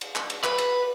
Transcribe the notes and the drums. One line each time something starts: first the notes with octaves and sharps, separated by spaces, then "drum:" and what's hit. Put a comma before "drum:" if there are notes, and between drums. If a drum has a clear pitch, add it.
drum: cymbal
drum: clap
drum: cymbal
B4, drum: clap
drum: cymbal